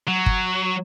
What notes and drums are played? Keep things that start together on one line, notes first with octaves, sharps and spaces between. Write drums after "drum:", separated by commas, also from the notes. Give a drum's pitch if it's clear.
F#3
drum: kick G1